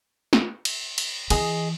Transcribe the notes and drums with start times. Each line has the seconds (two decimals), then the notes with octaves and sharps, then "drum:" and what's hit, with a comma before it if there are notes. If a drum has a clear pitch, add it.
0.33 drum: snare
0.65 drum: cymbal
0.98 drum: cymbal
1.30 E3 G#4 D#5, drum: cymbal